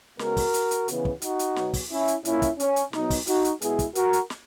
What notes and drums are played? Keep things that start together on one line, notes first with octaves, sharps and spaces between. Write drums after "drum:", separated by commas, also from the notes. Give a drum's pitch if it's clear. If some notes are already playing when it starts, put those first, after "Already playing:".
C#3 G#3 B3 F#4 A#4, drum: snare
drum: kick, open hi-hat
drum: hi-hat
drum: hi-hat
C#3 E3 B3, drum: hi-hat
drum: kick
D#4 F#4, drum: hi-hat
drum: hi-hat
B2 F#3 B3, drum: snare
drum: kick, open hi-hat
C#4 E4
drum: hi-hat
A#2 A#3 C#4 E4, drum: hi-hat
drum: kick, hi-hat
C#4, drum: hi-hat
drum: hi-hat
B2 F#3 B3 D#4, drum: snare
drum: kick, open hi-hat
D#4 F#4, drum: hi-hat
drum: hi-hat
B2 G#3 B3 E4 G#4, drum: hi-hat
drum: kick, hi-hat
F#4 A#4, drum: hi-hat
drum: hi-hat
drum: snare